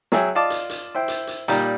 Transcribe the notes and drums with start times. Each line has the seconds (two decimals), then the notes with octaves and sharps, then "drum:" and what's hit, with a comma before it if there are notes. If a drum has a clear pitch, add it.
0.12 F#3 G#4 E5 G5, drum: snare
0.35 F4 D5 D#5 A5 D6
0.50 drum: hi-hat
0.70 drum: hi-hat
0.95 E4 C5 G5
1.08 drum: hi-hat
1.27 drum: hi-hat
1.48 A#2 G3 D#4 G4 A#4, drum: hi-hat